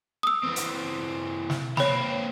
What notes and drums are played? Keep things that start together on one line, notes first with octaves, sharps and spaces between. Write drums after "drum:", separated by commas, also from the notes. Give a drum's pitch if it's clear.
D#6 E6
E3 C4
drum: hi-hat
drum: snare
A#3 C4 C#5 B5, drum: snare